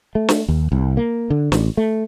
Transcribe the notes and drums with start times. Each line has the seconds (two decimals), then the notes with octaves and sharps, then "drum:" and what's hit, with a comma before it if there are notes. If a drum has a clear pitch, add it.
0.15 A3
0.29 drum: snare
0.48 D#2
0.72 C2
0.97 A#3
1.30 D3
1.52 A1, drum: snare
1.77 A3